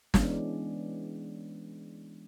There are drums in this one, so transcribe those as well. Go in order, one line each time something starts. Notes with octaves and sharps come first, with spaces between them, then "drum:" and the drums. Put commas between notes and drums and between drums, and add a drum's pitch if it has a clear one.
E3 G#3 B3 C#4 D4, drum: snare